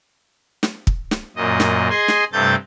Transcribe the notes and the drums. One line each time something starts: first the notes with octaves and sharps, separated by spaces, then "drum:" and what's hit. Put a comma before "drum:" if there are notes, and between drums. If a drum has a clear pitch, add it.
drum: snare
drum: kick
drum: snare
F#2 A#2 D#5
drum: snare
G#4 D#5 G#5 C6
drum: snare
G2 C3 A3 G6 A6